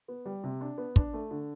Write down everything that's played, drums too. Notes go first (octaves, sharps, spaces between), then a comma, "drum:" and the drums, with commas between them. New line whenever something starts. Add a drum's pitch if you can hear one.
B3
G3
C3
D4
B3
D4, drum: kick
A3
D3